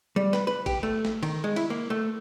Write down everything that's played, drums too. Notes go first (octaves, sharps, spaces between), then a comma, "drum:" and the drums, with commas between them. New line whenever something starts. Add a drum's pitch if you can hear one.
G3
B4, drum: snare
B4
G4, drum: kick A1, cymbal
A3
drum: snare
D#3, drum: cymbal
G#3
E4, drum: cymbal
A#3
A3